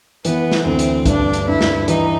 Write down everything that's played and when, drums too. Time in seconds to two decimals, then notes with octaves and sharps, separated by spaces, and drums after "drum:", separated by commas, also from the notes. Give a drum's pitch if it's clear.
0.25 E3 B3, drum: hi-hat
0.52 drum: snare
0.65 D2 C4
0.79 drum: hi-hat
1.06 G2 D4, drum: kick, hi-hat
1.33 drum: hi-hat
1.47 G2 E4
1.61 drum: snare
1.88 E3 D#4, drum: hi-hat